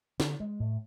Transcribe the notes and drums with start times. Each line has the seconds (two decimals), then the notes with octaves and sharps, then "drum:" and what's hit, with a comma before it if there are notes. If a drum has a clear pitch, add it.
0.20 D3, drum: snare
0.40 G#3
0.60 A2